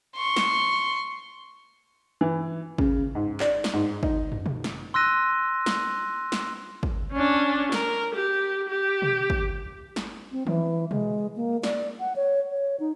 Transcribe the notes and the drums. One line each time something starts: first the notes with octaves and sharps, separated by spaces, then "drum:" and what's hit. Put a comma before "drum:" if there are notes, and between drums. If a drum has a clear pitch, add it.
C6 C#6
drum: snare
E3
C#3, drum: kick
G#2
D5, drum: clap
drum: snare
G#2
D#4, drum: kick
drum: tom
drum: tom B2
drum: snare
C6 E6 F#6 A#6 D#7
drum: snare
drum: snare
drum: kick
C#4 D4
A#4, drum: snare
G4
G4
drum: tom B2
drum: kick
drum: snare
C4
E3, drum: tom E3
G#3, drum: tom B2
A#3
D5, drum: snare
F#5
C#5
C#5
D#4